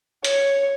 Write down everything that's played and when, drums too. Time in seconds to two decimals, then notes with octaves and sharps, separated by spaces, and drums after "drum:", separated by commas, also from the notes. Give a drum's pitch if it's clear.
0.24 C#5, drum: hi-hat